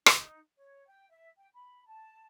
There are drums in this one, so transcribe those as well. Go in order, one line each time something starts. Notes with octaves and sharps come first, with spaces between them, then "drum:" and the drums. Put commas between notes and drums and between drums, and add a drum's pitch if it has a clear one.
D#4, drum: rim click
C#5
G5
E5
G5
B5
A5